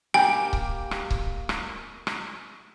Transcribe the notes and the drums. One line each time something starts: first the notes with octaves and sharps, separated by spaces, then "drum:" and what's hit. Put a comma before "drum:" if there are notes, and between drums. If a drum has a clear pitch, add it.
A#3 G4 G5 G#5
drum: kick C#1
drum: rim click
drum: kick C#1
drum: rim click
drum: rim click